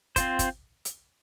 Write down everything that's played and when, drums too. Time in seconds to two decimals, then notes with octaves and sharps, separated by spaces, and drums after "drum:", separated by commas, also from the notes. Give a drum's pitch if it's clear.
0.16 C4 F4 C5, drum: kick, hi-hat
0.39 drum: kick, hi-hat
0.85 drum: hi-hat